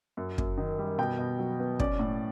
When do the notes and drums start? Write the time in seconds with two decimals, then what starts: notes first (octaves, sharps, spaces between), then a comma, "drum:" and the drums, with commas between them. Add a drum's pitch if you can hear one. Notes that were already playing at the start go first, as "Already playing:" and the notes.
0.17 F#2
0.38 F#2, drum: kick
0.57 D#3
0.79 G3
0.98 B2 G5
1.19 B2
1.39 F#3
1.60 B3
1.79 C#4 D5, drum: kick
1.99 A2